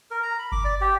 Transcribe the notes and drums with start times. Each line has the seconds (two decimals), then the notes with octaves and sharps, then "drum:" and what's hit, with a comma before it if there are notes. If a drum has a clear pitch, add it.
0.11 A#4
0.23 A#5
0.39 B5
0.52 D6, drum: kick G1
0.64 D5
0.81 G4